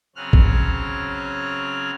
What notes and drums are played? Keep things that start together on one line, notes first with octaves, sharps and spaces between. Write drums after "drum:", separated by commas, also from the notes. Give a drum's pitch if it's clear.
C#3 F#3 C4 C#4 F6 F#6
drum: kick A1